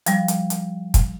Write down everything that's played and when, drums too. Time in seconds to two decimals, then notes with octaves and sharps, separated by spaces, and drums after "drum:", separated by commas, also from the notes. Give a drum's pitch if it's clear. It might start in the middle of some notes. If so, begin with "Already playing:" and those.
0.06 F3 G3, drum: hi-hat
0.28 drum: hi-hat
0.50 drum: hi-hat
0.94 drum: kick, hi-hat